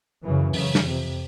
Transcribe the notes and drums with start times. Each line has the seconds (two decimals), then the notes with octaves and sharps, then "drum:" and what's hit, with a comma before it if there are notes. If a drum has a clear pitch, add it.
0.23 F#2 C#3 E3
0.53 F#2 C#3, drum: open hi-hat
0.75 drum: snare
0.84 F2 C3